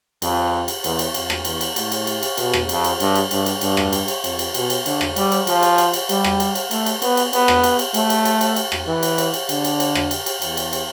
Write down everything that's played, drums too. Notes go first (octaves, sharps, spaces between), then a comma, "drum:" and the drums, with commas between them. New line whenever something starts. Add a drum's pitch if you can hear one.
F2, drum: cymbal
drum: cymbal
E2, drum: cymbal
drum: cymbal
F2, drum: cymbal
drum: rim click
E2, drum: cymbal
drum: cymbal
A2, drum: cymbal
drum: cymbal
drum: cymbal
drum: cymbal
B2, drum: cymbal
drum: rim click
F2, drum: cymbal
drum: cymbal
G2, drum: cymbal
drum: cymbal
G2, drum: cymbal
drum: cymbal
G2, drum: cymbal
drum: rim click
drum: cymbal
drum: cymbal
F2, drum: cymbal
drum: cymbal
B2, drum: cymbal
drum: cymbal
D3, drum: cymbal
drum: rim click
G3, drum: cymbal
drum: cymbal
F3, drum: cymbal
drum: cymbal
drum: cymbal
drum: cymbal
G3, drum: cymbal
drum: rim click
drum: cymbal
drum: cymbal
A3, drum: cymbal
drum: cymbal
B3, drum: cymbal
drum: cymbal
B3, drum: cymbal
drum: rim click
drum: cymbal
drum: cymbal
A3, drum: cymbal
drum: cymbal
drum: cymbal
drum: cymbal
drum: cymbal
drum: rim click
E3
drum: cymbal
drum: cymbal
drum: cymbal
D3, drum: cymbal
drum: cymbal
drum: cymbal
drum: rim click
drum: cymbal
drum: cymbal
E2, drum: cymbal
drum: cymbal
drum: cymbal